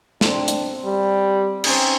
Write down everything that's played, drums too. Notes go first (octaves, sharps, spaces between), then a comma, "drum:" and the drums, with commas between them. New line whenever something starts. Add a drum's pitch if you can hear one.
C4 D4 A#5 C6, drum: snare
drum: hi-hat
G3
C4 C#4 D#4, drum: cymbal